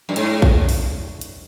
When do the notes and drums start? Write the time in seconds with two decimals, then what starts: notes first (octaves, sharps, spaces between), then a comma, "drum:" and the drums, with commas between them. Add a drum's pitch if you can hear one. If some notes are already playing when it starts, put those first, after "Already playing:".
0.09 F#2
0.16 G#2, drum: hi-hat
0.42 drum: kick
0.69 drum: open hi-hat
1.21 drum: hi-hat